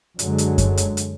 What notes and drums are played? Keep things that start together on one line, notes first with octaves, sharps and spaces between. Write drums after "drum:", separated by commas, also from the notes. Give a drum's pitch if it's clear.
F#2 D3 F#3 G#3, drum: hi-hat
drum: hi-hat
drum: kick F#2, hi-hat
drum: hi-hat
drum: hi-hat